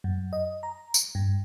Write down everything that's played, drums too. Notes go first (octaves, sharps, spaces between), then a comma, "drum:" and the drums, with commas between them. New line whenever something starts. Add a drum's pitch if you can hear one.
F#2
D#5
A#5
drum: tambourine
G2